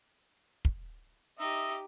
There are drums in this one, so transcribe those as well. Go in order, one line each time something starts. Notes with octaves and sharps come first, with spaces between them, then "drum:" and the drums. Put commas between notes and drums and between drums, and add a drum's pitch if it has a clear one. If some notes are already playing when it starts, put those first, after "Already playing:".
drum: kick
D#4 G4 D#5 E5